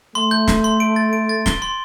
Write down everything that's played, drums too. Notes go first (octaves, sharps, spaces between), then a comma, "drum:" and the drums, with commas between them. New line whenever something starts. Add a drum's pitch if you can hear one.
A3 C6
G6
G6, drum: snare
C6
D7
A6
D7
A6
G7, drum: snare
C6